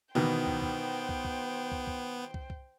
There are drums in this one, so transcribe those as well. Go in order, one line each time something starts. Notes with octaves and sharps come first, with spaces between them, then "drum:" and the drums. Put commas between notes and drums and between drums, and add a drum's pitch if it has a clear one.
B2 D#3 E3 B3 C5 G5
drum: kick
drum: kick
drum: kick
drum: kick
drum: kick
drum: kick
drum: kick
drum: kick